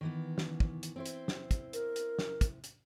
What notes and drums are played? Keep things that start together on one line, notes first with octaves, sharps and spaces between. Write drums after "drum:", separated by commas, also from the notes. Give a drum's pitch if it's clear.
D#3 E3 B3
drum: snare
drum: kick
drum: hi-hat
C4 E4 C5
drum: hi-hat
drum: snare
drum: kick, hi-hat
A#4, drum: hi-hat
drum: hi-hat
drum: snare
drum: kick, hi-hat
drum: hi-hat